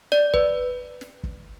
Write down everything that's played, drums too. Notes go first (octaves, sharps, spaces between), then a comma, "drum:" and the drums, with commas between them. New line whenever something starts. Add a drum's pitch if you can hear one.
D5, drum: snare
B4, drum: kick
drum: snare
drum: kick